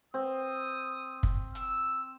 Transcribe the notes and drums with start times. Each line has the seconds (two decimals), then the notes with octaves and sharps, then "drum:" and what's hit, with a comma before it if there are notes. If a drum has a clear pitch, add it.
0.14 C4 D#6
1.23 drum: kick
1.55 E6, drum: hi-hat